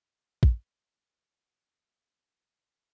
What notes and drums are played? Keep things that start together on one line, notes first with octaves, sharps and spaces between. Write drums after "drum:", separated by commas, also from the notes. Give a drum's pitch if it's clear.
B2 G#3 A#3 B3 F#4 C#5
drum: kick